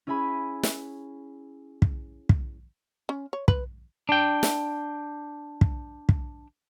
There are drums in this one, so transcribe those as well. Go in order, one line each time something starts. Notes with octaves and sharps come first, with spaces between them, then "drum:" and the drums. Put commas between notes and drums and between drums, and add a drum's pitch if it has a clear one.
C#4 E4 G#4 G#5 B5
drum: snare
drum: kick
drum: kick
C#4
C#5
B4, drum: kick
D4 G5
drum: snare
drum: kick
drum: kick